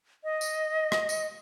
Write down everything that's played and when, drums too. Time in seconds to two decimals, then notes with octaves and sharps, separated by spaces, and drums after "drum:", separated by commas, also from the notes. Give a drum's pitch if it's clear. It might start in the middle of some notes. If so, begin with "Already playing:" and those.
0.24 D#5
0.41 drum: tambourine
0.92 drum: rim click
1.09 drum: tambourine